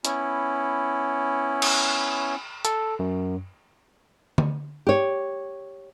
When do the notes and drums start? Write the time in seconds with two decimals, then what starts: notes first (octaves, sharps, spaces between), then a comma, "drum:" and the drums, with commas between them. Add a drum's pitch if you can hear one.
0.05 B3 C#4 E4, drum: hi-hat
1.62 drum: cymbal
2.65 A4, drum: hi-hat
2.99 F#2
4.38 drum: tom D3
4.87 G4 C#5